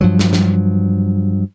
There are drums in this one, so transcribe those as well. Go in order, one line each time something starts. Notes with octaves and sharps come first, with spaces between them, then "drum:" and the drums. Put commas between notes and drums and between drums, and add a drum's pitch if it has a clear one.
G2 F3 F#3
drum: snare
drum: snare